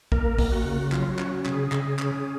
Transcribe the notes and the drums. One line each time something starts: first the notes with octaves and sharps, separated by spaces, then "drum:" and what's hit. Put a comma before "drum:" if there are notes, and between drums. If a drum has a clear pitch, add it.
A#3 A#4, drum: kick
A#3, drum: kick, open hi-hat
F#4
C#3
F#3 F4, drum: clap
F#4
C#4, drum: clap
C#3, drum: clap
G#4
C#3, drum: clap
C#4, drum: clap